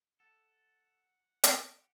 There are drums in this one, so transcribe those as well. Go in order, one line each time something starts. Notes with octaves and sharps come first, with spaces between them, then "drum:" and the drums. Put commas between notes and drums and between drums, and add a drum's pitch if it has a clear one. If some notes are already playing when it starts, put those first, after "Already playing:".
A4 F#5
G4, drum: hi-hat